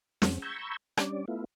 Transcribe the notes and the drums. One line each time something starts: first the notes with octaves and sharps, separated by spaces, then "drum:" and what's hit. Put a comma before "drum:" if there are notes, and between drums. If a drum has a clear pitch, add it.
F2 C4, drum: snare
A#5 B5 C#6 E6 G6 G#6
G3 C#4 D4 D5, drum: rim click
A3 B3 E4 F4